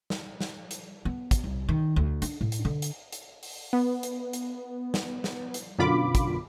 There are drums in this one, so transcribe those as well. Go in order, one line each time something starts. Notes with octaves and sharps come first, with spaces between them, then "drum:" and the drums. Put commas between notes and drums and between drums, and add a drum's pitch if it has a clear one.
drum: snare
drum: snare
drum: hi-hat
B3
drum: kick, hi-hat
C2
D#3
D2
D4, drum: hi-hat
A2
drum: hi-hat
D3
drum: hi-hat
drum: hi-hat
drum: open hi-hat
B3
drum: hi-hat
drum: hi-hat
drum: snare
drum: snare
drum: hi-hat
F#2 B2 D3 F4 B5 D6
drum: kick, hi-hat